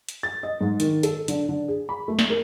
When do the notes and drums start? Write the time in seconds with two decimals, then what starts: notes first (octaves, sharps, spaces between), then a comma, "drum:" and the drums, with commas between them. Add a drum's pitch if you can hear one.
0.09 drum: hi-hat
0.23 A6
0.43 D#5
0.61 G#2
0.80 D#3, drum: hi-hat
1.03 A4, drum: hi-hat
1.28 D3, drum: hi-hat
1.49 D3
1.68 G#4
1.89 B5
2.08 A3
2.19 drum: snare
2.30 A#4